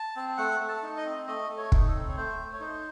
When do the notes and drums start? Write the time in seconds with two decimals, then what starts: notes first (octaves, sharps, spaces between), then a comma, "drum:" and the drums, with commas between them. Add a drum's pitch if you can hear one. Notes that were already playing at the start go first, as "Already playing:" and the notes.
Already playing: A5
0.16 C4
0.38 A3 F#5
0.60 A3
0.68 A5
0.83 D#4
0.97 D#5
1.06 C4
1.27 A3 D#5
1.50 A3
1.58 C#5
1.72 D#4, drum: kick
1.87 A4
1.94 C4
2.08 C#5
2.17 A3 C5
2.39 A3
2.53 C#5
2.60 D#4 C5